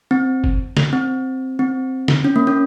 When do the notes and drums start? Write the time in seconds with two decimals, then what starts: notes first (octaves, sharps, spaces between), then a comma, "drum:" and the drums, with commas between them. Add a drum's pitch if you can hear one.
0.11 C4
0.44 drum: kick F#1
0.77 drum: snare
0.93 C4
1.59 C4
2.08 drum: snare
2.24 C#4
2.36 A#3
2.47 C#4